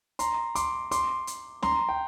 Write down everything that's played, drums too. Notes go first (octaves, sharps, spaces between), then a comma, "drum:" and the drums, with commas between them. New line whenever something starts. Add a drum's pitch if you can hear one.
A#5 C6, drum: hi-hat
C6 D6, drum: hi-hat
C6 D6, drum: hi-hat
drum: hi-hat
A#5 C6, drum: snare C#4
G5